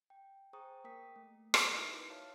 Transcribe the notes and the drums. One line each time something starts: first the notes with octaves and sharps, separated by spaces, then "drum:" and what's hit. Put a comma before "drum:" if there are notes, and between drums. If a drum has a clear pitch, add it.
G5
G#4 C5 G5 A#5 C#6 D#6
A#3 A#4 G5 D#6 B6
A3
drum: rim click
D#4 E4 F#4 A#4 B4 E5
C#5 E5 F5 A5 F6